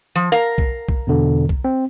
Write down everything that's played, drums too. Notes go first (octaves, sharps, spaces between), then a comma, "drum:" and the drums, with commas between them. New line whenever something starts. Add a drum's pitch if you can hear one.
F3
A#4 F5
drum: kick B1
drum: kick B1
E2 B2 D3
drum: kick B1
C4